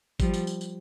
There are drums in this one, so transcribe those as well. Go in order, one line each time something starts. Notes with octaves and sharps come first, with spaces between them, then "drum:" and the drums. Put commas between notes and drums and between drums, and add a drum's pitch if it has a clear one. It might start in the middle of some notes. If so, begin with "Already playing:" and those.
F3 G3, drum: kick, tambourine
drum: tambourine
drum: tambourine
drum: tambourine